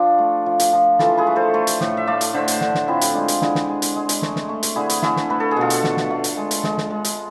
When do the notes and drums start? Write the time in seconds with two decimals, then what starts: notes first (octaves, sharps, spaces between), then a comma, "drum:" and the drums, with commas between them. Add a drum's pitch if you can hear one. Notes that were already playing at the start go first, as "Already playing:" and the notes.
Already playing: F3 D4 F4
0.19 A3
0.46 F3
0.60 drum: hi-hat
0.73 F3
0.99 E3 F4 A4, drum: snare
1.17 G#4 B4
1.27 A3
1.36 A4 C5
1.54 A3
1.67 drum: hi-hat
1.81 A2, drum: snare
1.97 E5
2.07 A3 D5 F5
2.21 drum: hi-hat
2.34 D3 C5 E5
2.48 drum: hi-hat
2.61 D3, drum: snare
2.75 drum: snare
2.88 F3 C4 E4
3.01 drum: hi-hat
3.14 G#3 D4 F4
3.28 drum: hi-hat
3.42 D3 E4 G#4, drum: snare
3.55 drum: snare
3.69 G#3
3.82 drum: hi-hat
3.96 G#3
4.09 drum: hi-hat
4.22 A3, drum: snare
4.36 drum: snare
4.49 A3
4.63 drum: hi-hat
4.76 D3 E4 G#4
4.90 drum: hi-hat
5.02 A3 E4 G#4, drum: snare
5.16 drum: snare
5.30 A3 B4
5.40 A4
5.51 G#4
5.56 B2 F4 A4
5.70 drum: hi-hat
5.84 A3, drum: snare
5.97 drum: snare
6.10 A3
6.24 drum: hi-hat
6.37 G#3
6.51 drum: hi-hat
6.64 G#3, drum: snare
6.78 drum: snare
6.90 G#3
7.05 drum: hi-hat